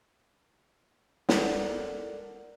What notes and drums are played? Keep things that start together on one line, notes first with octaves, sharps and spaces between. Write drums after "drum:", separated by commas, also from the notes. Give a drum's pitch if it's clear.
A4 A#4 D5 F#5, drum: snare